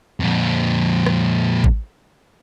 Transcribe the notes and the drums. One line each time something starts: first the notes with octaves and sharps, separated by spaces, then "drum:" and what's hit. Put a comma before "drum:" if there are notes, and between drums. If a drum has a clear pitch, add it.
F2 A#2
drum: rim click
drum: kick A1